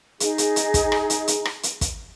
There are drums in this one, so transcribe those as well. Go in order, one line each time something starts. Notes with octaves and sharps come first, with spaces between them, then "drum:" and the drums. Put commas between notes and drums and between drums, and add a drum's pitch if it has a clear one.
D#4 G#4, drum: hi-hat
drum: hi-hat
drum: hi-hat
drum: kick, hi-hat
drum: rim click
drum: hi-hat
drum: hi-hat
drum: rim click
drum: hi-hat
drum: kick, hi-hat